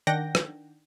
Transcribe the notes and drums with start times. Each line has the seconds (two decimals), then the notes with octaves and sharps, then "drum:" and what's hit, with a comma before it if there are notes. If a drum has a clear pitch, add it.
0.07 D#3 D4 F#5 G5 G6 A#6
0.35 drum: rim click